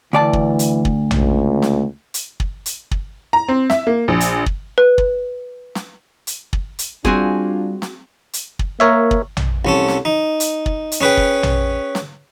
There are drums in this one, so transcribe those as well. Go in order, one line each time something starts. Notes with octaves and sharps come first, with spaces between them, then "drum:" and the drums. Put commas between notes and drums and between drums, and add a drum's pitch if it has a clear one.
D2 E3 D5 A5
drum: kick
drum: hi-hat
drum: kick
C#2, drum: tom A#1
drum: snare
drum: hi-hat
drum: kick
drum: hi-hat
drum: kick
A#5
C4
E5, drum: snare
A#3
A#1
drum: hi-hat
drum: kick
B4
drum: kick
drum: snare
drum: hi-hat
drum: kick
drum: hi-hat
G3 C4 D4 F4 F#4 G#4 G#5, drum: kick
drum: snare
drum: hi-hat
drum: kick
A#3 A#4 C#5 E5
drum: kick
drum: tom A#1
C2 C#4 A4
drum: snare
D#4
drum: hi-hat
drum: kick
drum: hi-hat
C#4 G#4 B4 C#5 G5
drum: kick
drum: tom A#1
drum: snare